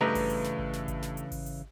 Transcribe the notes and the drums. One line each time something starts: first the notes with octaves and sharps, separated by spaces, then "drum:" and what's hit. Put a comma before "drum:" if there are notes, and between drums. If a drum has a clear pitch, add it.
G2 C#3 E3 A3 G4 B4 D#5 A#5
drum: kick G#1, open hi-hat
drum: hi-hat
drum: snare
drum: kick G#1
drum: snare
drum: kick G#1, hi-hat
drum: snare
drum: hi-hat
drum: kick G#1, open hi-hat
drum: hi-hat